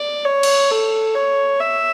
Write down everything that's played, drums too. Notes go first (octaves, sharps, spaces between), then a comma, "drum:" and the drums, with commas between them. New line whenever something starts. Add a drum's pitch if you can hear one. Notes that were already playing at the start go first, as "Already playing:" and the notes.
Already playing: D5
C#5
drum: cymbal
A4
C#5
E5